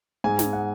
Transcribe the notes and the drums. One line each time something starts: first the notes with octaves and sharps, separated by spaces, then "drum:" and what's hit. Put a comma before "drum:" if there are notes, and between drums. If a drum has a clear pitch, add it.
G#2 G#3 G#5
G#5, drum: snare
F#5